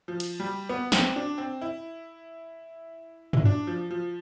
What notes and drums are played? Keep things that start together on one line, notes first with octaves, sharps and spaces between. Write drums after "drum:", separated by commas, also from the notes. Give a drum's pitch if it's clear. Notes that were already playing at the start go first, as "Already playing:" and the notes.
F3
drum: cymbal
G3
B3
C4, drum: snare
D4
C4
E4
E4, drum: tom
D4
F3
F3